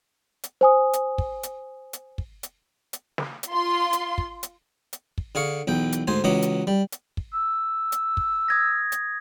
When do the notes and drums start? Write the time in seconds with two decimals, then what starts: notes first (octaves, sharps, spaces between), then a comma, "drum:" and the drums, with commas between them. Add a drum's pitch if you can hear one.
0.43 drum: hi-hat
0.61 C5 G#5 D#6
0.93 drum: hi-hat
1.18 drum: kick
1.43 drum: hi-hat
1.93 drum: hi-hat
2.18 drum: kick
2.43 drum: hi-hat
2.93 drum: hi-hat
3.18 drum: snare
3.43 drum: hi-hat
3.52 F4 C6
3.93 drum: hi-hat
4.18 drum: kick
4.43 drum: hi-hat
4.93 drum: hi-hat
5.18 drum: kick
5.35 D3 G#4 F5 C#6
5.68 B1 E2 G5
5.92 drum: hi-hat
6.08 D2 G#2 C5 G#5
6.24 C#2 E3 F#3 C#4 D#5 D6
6.42 drum: hi-hat
6.67 G3
6.92 drum: hi-hat
7.17 drum: kick
7.33 E6
7.92 drum: hi-hat
8.17 drum: kick
8.48 D#6 G#6 A#6
8.92 drum: hi-hat